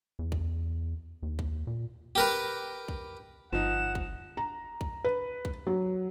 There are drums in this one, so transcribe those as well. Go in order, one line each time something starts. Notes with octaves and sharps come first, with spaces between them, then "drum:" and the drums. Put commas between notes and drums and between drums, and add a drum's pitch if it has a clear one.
E2
drum: kick
D#2
drum: kick
A#2
G4 A#4 B4
drum: kick
G1 F3 D#4 F#5 E7
drum: kick
A#5
drum: kick
B4
drum: kick
F#3